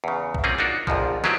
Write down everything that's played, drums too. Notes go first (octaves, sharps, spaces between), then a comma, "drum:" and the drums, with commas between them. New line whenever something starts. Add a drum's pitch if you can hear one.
E2 C#3
drum: kick A#1
A#3 C4 C#4 F4 G#4
D4 D#4 F4 F#4 A#4
A#1 F2 G#2 F3, drum: kick A#1
F#3 G#3 E4 F4 G4 B4, drum: snare